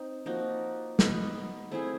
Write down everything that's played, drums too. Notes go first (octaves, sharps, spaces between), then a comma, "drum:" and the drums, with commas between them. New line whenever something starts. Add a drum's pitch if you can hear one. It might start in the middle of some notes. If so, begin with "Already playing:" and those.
Already playing: C4 D#4
F3 A#3 D#4 F#4
B3 D#4 F#4, drum: snare
A3 C4 E4 G#4